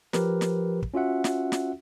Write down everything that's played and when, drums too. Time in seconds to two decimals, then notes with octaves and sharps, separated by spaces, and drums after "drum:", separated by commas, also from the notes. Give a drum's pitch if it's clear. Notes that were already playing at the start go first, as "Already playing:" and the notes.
0.13 F3 G4 A#4 B4, drum: snare
0.41 drum: snare
0.83 drum: kick
0.94 C#4 F4 F#4 E5 F#5
1.24 drum: snare
1.52 drum: snare